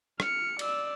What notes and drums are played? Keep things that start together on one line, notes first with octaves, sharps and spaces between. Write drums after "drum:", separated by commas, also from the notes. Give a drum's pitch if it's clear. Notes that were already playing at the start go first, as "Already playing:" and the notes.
F6 C#7, drum: rim click
D5 E6, drum: cymbal